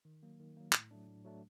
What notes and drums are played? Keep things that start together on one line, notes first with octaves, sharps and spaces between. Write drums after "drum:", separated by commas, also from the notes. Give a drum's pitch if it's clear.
D#3
F#3 A#3
D#3
F#3 A#3
A2, drum: clap
F#3 A3 D4
A2
F#3 A3 D4